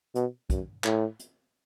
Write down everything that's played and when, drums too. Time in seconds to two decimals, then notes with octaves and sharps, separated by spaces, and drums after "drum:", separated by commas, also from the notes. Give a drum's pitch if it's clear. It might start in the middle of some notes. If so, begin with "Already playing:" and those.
0.15 B2, drum: hi-hat
0.50 F#2, drum: kick, hi-hat
0.84 A2, drum: clap
1.20 drum: hi-hat